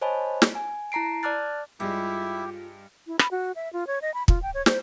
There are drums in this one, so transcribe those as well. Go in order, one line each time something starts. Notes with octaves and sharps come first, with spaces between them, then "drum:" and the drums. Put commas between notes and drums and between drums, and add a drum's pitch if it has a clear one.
C5 C#5 D#5 G#5 A5 B5
drum: snare
G#5
E4 A5 A#5 C7 D7
D5 A5 D6 F6 F#6 A6
G2 G3 G#3 E4 F4 G4 E5
E4
B5, drum: rim click
F#4
E5
F4
C#5
D#5
B5
F4, drum: kick
G5
C#5
C5, drum: snare